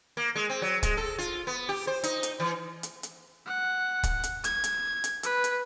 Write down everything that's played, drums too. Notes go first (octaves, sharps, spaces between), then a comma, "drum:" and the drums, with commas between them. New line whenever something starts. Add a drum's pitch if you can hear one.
A#3
G#3
C4
F#3
G#3, drum: kick, hi-hat
A4
F4
B3
G4
C5
D#4, drum: hi-hat
drum: hi-hat
E3
drum: hi-hat
drum: hi-hat
F#5
drum: kick, hi-hat
drum: hi-hat
G#6, drum: hi-hat
drum: hi-hat
drum: hi-hat
B4, drum: hi-hat
drum: hi-hat